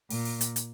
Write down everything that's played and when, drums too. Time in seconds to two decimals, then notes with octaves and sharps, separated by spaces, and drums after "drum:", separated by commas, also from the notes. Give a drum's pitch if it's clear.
0.10 A#2, drum: open hi-hat
0.25 drum: open hi-hat
0.41 drum: hi-hat
0.56 drum: hi-hat